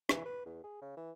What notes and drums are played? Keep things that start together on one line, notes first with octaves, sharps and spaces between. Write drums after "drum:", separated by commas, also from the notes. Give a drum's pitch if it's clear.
E3, drum: rim click
B4
E2
G#4
C#3
E3